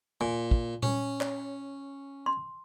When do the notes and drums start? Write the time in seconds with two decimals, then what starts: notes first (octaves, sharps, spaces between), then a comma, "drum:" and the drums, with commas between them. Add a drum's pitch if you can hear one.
0.21 A#2 G#5
0.51 drum: kick
0.83 C#4, drum: tom A#2
1.21 C#5, drum: clap
2.26 C6